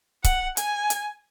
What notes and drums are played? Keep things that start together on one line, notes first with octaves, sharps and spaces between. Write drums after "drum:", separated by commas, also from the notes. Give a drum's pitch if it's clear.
F#5, drum: kick C#1, hi-hat
G#5, drum: hi-hat
drum: hi-hat